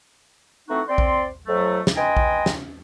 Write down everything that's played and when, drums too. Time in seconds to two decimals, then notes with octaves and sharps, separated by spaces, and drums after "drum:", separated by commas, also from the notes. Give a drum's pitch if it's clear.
0.69 E3 A3 C4 D#4 F#4
0.88 C4 D5 C6
0.98 drum: kick A#1
1.47 F2 F#3 A3
1.87 drum: snare
1.96 B4 D#5 G5 G#5 A#5 C6
2.17 drum: kick A#1
2.46 drum: snare